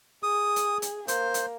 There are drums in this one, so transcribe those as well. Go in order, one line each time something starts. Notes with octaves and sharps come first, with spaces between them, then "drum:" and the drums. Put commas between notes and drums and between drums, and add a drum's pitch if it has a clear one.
G#4 D#6
drum: hi-hat
drum: hi-hat
A#3 C5, drum: hi-hat
drum: hi-hat